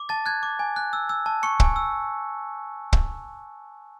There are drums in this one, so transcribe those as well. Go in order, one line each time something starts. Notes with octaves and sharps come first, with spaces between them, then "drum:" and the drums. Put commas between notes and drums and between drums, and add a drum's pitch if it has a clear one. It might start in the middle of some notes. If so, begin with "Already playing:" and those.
Already playing: D6
A5 A6
F#6 G#6
D6
G#5
F#6
E6
E6
A5
C#6 C#7
G#5, drum: kick
E6
drum: kick